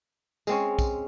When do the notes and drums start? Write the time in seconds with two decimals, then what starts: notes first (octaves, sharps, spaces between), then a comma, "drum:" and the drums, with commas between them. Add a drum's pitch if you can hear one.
0.47 G#3 C4 C#4, drum: tambourine
0.79 drum: kick, tambourine